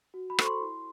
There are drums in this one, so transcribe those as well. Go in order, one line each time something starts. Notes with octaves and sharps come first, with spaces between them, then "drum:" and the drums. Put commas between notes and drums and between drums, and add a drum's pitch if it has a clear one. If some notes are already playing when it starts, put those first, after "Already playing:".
F#4
B5
A4 C5 C#6, drum: rim click
C6
E4